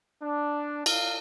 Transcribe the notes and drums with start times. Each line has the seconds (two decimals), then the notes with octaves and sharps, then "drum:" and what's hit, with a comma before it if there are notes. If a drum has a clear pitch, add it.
0.22 D4
0.86 F5, drum: cymbal